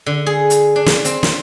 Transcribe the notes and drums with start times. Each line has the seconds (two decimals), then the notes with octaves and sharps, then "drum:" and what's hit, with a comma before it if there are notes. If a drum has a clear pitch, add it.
0.06 D3
0.26 G#4
0.50 drum: hi-hat
0.76 D4
0.86 drum: snare
1.05 C4, drum: hi-hat
1.23 drum: snare